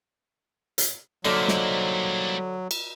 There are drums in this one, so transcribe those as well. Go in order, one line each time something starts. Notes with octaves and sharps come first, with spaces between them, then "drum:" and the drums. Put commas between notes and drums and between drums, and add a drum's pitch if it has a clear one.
drum: hi-hat
D3 F#3 G3 A#3 D#4 E4 C5
drum: snare
drum: cymbal